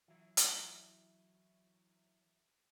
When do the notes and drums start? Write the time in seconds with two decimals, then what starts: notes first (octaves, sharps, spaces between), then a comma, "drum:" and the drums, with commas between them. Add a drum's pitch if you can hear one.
0.08 E3 F#3 E4
0.37 drum: hi-hat